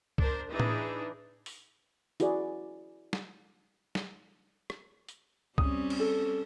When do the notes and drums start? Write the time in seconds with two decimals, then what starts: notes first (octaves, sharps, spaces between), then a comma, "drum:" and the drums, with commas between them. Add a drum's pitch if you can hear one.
0.18 D4 A#4 C5, drum: kick C#2
0.50 E3 D4 D#4 G#4
0.60 drum: tom A2
1.46 drum: open hi-hat
2.20 E4 F#4 G#4 B4 D5, drum: hi-hat
3.13 drum: snare
3.95 drum: snare
4.70 drum: rim click
5.09 drum: hi-hat
5.58 G3 C4 C#4 D#6, drum: kick C#2
5.90 drum: cymbal
6.00 A4